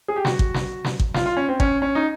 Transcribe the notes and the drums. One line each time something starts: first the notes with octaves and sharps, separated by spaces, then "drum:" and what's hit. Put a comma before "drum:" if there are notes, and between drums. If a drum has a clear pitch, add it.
G#4
G4
F#4, drum: snare
drum: kick G#1
drum: snare
drum: snare
drum: kick G#1
F4, drum: snare
F4
C#4
C4
C#4, drum: kick G#1
C#4
D#4